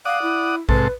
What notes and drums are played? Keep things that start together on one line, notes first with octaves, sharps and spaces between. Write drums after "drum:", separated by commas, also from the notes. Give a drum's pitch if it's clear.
D5 F5 F#5 D#6
E4
G#2 C3 A4 B4, drum: kick A#1